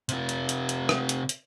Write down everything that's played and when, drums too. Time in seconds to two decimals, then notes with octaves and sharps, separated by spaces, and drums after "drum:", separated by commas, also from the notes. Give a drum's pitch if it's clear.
0.09 C3 F4, drum: hi-hat
0.29 drum: hi-hat
0.49 drum: hi-hat
0.69 drum: hi-hat
0.89 drum: rim click
1.09 drum: hi-hat
1.29 drum: hi-hat